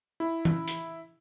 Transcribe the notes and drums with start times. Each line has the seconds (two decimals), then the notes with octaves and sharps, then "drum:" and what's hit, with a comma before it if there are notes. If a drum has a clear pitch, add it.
0.20 E4
0.45 drum: tom E3
0.68 drum: hi-hat